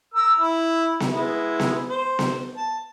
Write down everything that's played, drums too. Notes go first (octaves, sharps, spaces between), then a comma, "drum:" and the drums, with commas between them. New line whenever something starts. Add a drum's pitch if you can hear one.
A#4 E6
E4
drum: snare B3
G#3 B3 E4
drum: snare B3
C5
drum: snare B3
A5